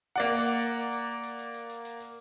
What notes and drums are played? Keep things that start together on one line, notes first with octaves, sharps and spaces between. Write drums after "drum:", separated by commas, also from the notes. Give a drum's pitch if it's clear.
A#3 D5 F#5, drum: hi-hat
drum: hi-hat
drum: hi-hat
drum: hi-hat
drum: hi-hat
drum: hi-hat
drum: hi-hat
drum: hi-hat
drum: hi-hat
drum: hi-hat
drum: hi-hat
drum: hi-hat